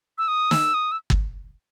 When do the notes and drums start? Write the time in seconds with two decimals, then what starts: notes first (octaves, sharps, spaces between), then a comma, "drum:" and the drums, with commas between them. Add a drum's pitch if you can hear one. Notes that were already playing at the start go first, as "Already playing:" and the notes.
0.18 E6
0.28 D#6
0.51 E6, drum: snare
0.74 D#6
0.92 E6
1.10 drum: kick G1